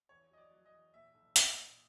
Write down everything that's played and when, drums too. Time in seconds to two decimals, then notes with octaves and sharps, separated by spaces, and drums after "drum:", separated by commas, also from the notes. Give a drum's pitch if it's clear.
0.09 E2 C#5
0.31 F#3 D#5
0.38 D5
0.51 F#3
0.66 D#5
0.73 E2
0.94 A#2 E5
1.14 B1
1.36 A#2 D#5, drum: hi-hat
1.57 A#2